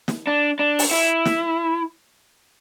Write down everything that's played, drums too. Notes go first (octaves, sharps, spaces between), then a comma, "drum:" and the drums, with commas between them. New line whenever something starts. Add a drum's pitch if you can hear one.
drum: snare
D4
D4
drum: open hi-hat
E4
drum: snare